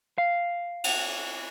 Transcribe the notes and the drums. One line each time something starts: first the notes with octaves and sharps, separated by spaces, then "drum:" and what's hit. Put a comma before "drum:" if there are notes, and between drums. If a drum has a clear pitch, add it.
F5
drum: cymbal